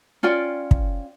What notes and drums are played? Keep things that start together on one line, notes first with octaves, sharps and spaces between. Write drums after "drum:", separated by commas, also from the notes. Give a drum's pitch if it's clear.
C#4 F4 D5 G5
drum: kick